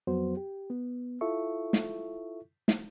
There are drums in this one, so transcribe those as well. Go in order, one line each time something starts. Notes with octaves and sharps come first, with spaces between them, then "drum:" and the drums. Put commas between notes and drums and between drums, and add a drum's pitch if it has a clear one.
F2 F#3 B3 F#4 C5
G4
B3
E4 F4 A4 E5 C#6
drum: snare
drum: snare